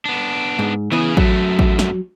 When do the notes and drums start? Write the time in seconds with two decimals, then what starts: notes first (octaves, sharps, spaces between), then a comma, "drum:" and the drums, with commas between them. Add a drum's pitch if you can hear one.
0.05 B3 D4
0.59 G#2
0.92 C#3 E3 B3 G#4
1.17 F#2 F#3 A3, drum: kick A1
1.59 drum: kick A1
1.79 drum: snare